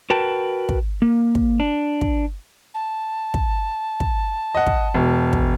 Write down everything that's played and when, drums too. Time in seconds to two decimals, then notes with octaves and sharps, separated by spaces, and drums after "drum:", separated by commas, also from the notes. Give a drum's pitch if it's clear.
0.10 F#4 A#4 B4 G5 A5
0.69 drum: kick
1.02 A#3
1.35 drum: kick
1.60 D4
2.01 drum: kick
2.74 A5
3.34 drum: kick
4.00 drum: kick
4.55 D#5 F#5
4.67 drum: kick
4.94 E1
5.33 drum: kick